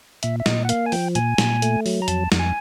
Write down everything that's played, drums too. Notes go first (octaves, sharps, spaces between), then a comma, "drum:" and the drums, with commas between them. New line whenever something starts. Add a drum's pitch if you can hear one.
A#2 E5, drum: hi-hat
E5
A#2 D#5, drum: snare
F#5
A#3 F5, drum: hi-hat
G#5
F3 G5, drum: open hi-hat
A#2 G#5, drum: hi-hat
A#2, drum: snare
A3, drum: hi-hat
F#3, drum: open hi-hat
A#5
F2 A5, drum: hi-hat
F2, drum: snare
G#5